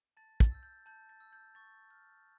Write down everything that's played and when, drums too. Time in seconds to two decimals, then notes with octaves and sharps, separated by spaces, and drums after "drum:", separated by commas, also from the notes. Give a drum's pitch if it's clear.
0.17 A5 A6
0.40 A6, drum: kick
0.52 E6 G6
0.63 G6
0.86 A5 G6
1.09 A6
1.20 E6 G6
1.33 G6
1.55 C#6 A6
1.91 F6